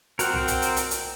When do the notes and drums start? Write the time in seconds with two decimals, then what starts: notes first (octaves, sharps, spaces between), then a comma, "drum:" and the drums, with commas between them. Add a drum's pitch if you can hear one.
0.19 C4 F#4 A#4 F#5, drum: hi-hat
0.33 drum: tom
0.48 drum: hi-hat
0.62 drum: hi-hat
0.76 drum: hi-hat
0.91 drum: hi-hat